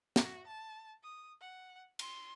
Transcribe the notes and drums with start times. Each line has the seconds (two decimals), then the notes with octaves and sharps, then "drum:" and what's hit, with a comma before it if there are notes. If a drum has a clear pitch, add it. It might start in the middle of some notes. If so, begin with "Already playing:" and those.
0.16 F#4, drum: snare
0.47 A5
1.03 D#6
1.41 F#5
1.99 C6, drum: cymbal